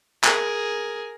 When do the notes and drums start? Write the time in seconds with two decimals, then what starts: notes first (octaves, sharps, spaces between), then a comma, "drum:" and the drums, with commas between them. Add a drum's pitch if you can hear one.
0.24 G#4 A#4, drum: clap